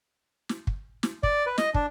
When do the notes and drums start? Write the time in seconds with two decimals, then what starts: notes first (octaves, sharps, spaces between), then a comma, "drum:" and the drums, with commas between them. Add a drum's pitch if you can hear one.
0.49 drum: snare
0.67 drum: kick
1.03 drum: snare
1.23 D5, drum: kick
1.46 B4
1.58 D#5, drum: snare
1.74 D4, drum: kick